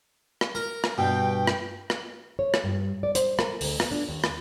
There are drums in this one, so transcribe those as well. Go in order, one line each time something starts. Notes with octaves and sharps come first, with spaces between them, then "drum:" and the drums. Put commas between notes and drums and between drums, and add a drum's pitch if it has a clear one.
drum: rim click
A#4
drum: rim click
G2 B2 G5
drum: rim click
drum: rim click
C#5
drum: rim click
G2
D5
C5, drum: hi-hat
A#4, drum: rim click
D2, drum: open hi-hat
B3, drum: rim click
D4
D#2
drum: rim click